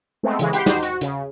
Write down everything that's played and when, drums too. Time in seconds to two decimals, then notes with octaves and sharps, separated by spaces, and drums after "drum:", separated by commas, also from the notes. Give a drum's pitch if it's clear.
0.23 G#3 A3 B3 C4
0.39 C#3 E3 G#3, drum: hi-hat
0.53 G4 F#5 B5 C6, drum: hi-hat
0.66 D#4 F#4 G4 C5, drum: snare
0.83 F#4, drum: hi-hat
1.01 C#3, drum: hi-hat